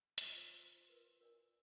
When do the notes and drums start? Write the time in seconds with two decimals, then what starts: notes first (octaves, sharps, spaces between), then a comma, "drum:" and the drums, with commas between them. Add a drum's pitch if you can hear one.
0.18 F4, drum: hi-hat
0.37 C5 C#5 E6
0.64 C5
0.89 A#4 B4
1.21 A#4 D5 G#5